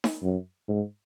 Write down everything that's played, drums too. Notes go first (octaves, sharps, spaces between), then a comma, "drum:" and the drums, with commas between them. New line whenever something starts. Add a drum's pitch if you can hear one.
drum: snare D#4
F#2
G#2